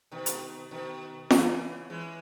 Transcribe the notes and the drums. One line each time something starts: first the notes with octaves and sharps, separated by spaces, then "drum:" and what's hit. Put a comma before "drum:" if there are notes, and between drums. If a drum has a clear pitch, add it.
B2 D#3
drum: hi-hat
B2 D#3
C#3 E3, drum: snare
E3 G#3